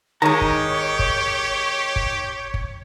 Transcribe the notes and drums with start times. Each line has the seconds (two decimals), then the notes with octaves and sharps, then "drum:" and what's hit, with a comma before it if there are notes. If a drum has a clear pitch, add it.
0.22 D#3 G#3 G4 C#5 A#5
0.41 drum: kick F#1
0.99 drum: kick F#1
1.96 drum: kick F#1
2.54 drum: kick F#1